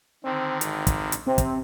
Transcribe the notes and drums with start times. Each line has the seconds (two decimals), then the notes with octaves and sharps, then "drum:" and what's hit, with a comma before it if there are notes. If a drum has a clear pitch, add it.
0.24 D3 D#3 C4
0.61 G#1, drum: hi-hat
0.87 drum: kick, hi-hat
1.12 drum: hi-hat
1.27 C3 C4
1.38 drum: kick, hi-hat